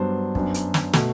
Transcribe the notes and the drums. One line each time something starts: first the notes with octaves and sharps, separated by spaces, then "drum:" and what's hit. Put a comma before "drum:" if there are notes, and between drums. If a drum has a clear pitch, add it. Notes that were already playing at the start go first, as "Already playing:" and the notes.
Already playing: G2 F#3 B3 D4 C5
F#2 F#3 B3 D4, drum: kick
drum: hi-hat
drum: snare
B2 A3, drum: snare